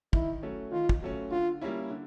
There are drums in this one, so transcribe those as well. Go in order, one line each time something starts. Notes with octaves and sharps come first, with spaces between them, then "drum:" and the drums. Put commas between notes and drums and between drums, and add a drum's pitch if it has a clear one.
D#3 E4, drum: kick
F#3 A3 C#4
D#3 F4
drum: kick
F#3 A3 C#4
D3 F4
G3 A#3 C#4 E4
D3